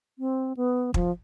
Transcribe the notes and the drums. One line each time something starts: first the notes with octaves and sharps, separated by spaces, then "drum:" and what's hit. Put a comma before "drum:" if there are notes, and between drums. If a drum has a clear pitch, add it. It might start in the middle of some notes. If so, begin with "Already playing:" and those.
C4
B3
F3, drum: kick